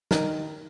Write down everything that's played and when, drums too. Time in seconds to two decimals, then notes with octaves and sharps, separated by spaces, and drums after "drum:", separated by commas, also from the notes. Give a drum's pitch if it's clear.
0.11 D#3 A#4, drum: snare